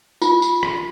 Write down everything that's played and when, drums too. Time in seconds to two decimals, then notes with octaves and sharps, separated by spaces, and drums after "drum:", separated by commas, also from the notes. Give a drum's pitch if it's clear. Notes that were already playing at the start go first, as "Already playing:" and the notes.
0.22 F4, drum: tambourine
0.42 drum: tambourine
0.63 drum: rim click